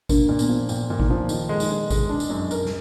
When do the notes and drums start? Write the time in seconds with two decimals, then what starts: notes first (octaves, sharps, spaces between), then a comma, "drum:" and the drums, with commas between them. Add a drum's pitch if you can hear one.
0.09 A#3 D4, drum: kick G#1, tambourine
0.29 A#2
0.39 B3, drum: tambourine
0.49 F3
0.69 A#2 A#3, drum: tambourine
0.90 A#2
1.00 D#4, drum: kick G#1
1.10 F3
1.29 D#3 F4, drum: tambourine
1.49 G#3
1.60 D#4, drum: tambourine
1.70 G#3
1.90 G#3, drum: kick G#1, tambourine
2.09 D4
2.20 drum: tambourine
2.30 F#2
2.51 A#4, drum: tambourine
2.65 drum: snare